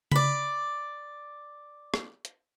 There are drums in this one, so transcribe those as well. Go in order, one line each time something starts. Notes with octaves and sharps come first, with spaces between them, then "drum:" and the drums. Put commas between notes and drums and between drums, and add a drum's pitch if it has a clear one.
D5 B5, drum: tom C#3
drum: rim click
drum: hi-hat